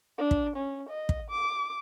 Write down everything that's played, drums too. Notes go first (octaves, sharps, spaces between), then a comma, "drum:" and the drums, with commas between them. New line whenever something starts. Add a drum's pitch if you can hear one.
D4
drum: kick
C#4
D#5
drum: kick
D6